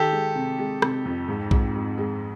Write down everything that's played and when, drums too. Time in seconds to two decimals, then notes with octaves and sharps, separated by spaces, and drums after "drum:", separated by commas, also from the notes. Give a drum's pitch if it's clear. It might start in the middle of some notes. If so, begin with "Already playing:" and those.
Already playing: D#3 G4 A4
0.12 G#3
0.36 C3
0.59 G#3
0.82 C3, drum: rim click
1.05 F2
1.28 G#2
1.51 G#2, drum: kick
1.75 G#3
1.98 G#3